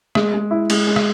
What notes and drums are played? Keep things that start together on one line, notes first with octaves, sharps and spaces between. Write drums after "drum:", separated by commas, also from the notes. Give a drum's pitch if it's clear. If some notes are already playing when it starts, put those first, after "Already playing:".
G#3, drum: rim click
G#3
E4
G#3, drum: cymbal
G#3
drum: rim click